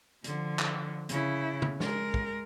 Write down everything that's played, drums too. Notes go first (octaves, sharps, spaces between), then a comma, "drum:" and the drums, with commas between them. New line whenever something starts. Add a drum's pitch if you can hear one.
D3 F3, drum: hi-hat
drum: clap
C#3 E4, drum: hi-hat
drum: tom C#3
G#3 A#4, drum: snare
drum: kick